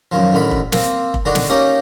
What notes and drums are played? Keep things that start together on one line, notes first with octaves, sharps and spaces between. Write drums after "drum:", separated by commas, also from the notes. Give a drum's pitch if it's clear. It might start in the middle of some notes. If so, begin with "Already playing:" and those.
F#2 D#3 F3
A1 D3 D#3 B5
drum: kick F1
A#3 C4, drum: snare
drum: kick F1
D3 D#3 D4 F#4
drum: snare
A#3 C#4 D#4 G4 A#4